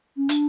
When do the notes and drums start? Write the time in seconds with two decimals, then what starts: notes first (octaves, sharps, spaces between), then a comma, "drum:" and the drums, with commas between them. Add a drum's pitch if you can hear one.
0.17 C#4
0.29 D4, drum: hi-hat